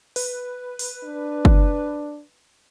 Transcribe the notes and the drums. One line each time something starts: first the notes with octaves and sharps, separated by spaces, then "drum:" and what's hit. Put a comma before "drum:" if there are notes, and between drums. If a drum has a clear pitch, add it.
B4, drum: open hi-hat
drum: open hi-hat
D4
drum: kick F#1